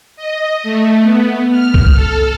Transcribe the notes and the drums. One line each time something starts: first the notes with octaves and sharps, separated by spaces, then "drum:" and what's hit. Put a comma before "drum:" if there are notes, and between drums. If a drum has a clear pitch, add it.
D#5
A3
B3
F6
drum: kick C2
A4